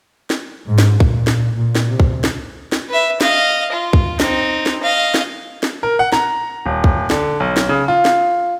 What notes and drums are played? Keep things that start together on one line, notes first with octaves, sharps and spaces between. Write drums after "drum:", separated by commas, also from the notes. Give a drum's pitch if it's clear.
drum: snare
G#2
drum: snare
A#2, drum: kick B1
drum: snare
A#2
drum: snare
C3
drum: kick B1
drum: snare
drum: snare
B4 E5
D#5 F5, drum: snare
F4
drum: kick B1
C4 D#4, drum: snare
drum: snare
D#5 F5
drum: snare
drum: snare
A#4
F#5
A#5, drum: snare
D#1
drum: kick B1
D3, drum: snare
B1
drum: snare
C#3
F4
drum: snare